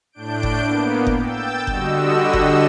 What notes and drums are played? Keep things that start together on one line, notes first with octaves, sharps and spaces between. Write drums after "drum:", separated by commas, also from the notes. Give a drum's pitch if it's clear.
A2 D4 G6 D7
drum: kick F#1
A#3 B3
drum: kick F#1
G5 E6 G6 A6
D3 G3 F#4 D#5 E6, drum: kick F#1
drum: kick F#1